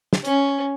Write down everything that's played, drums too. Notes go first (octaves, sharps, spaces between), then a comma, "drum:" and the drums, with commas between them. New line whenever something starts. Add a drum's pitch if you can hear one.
drum: snare
C#4, drum: hi-hat